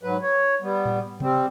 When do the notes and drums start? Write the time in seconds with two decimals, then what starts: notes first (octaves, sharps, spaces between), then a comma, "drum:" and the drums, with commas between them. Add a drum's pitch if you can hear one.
0.03 G#2 F#3 B4
0.22 C#5
0.62 G3 B3
0.85 drum: tom A2
1.20 G3 C4, drum: tom C3